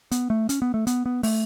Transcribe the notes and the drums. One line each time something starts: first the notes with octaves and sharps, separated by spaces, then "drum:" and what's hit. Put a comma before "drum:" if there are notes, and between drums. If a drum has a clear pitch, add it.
B3, drum: hi-hat
A3
C#4, drum: hi-hat
B3
A3
B3, drum: hi-hat
B3
A3, drum: open hi-hat